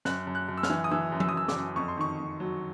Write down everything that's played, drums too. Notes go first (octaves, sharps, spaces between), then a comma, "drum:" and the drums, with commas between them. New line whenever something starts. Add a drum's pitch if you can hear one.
F#2 F#6, drum: snare
F#2
F#6
F#2
E6
F6, drum: snare
E3
D#6
E3 E6
F#2
E6, drum: tom F3
D#6
F#2 E6
D6, drum: snare
F#2
F2 C#6
C6
D#3 C#6
F2
F#3